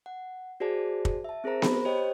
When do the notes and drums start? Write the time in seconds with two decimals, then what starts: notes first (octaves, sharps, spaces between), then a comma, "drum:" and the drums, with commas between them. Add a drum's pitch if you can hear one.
0.06 F#5
0.60 F#4 G#4 C5 D5 A5
1.05 drum: kick
1.24 E5 A5
1.44 C4 G#4 A#4 C5 A#5
1.62 B5, drum: snare B3
1.85 G4 C5 C#5 D#5 G5